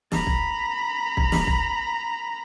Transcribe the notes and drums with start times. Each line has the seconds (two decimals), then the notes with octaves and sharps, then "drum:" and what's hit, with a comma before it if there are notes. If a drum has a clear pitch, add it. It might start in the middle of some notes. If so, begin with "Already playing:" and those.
0.12 A#5 B5, drum: snare
0.27 drum: kick
1.17 drum: kick
1.32 drum: snare
1.47 drum: kick